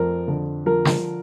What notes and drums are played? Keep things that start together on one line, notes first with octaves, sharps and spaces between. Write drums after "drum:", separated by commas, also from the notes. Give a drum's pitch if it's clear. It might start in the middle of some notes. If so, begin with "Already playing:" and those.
Already playing: F2 F3 A#4
D3
F3 A#4
drum: snare